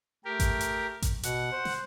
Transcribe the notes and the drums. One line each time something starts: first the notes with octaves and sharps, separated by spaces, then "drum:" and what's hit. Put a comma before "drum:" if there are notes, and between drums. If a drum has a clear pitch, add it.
A3 G4 A#4
drum: kick A1, hi-hat
drum: hi-hat
drum: kick A1, hi-hat
B2 F#5, drum: hi-hat
C5
drum: snare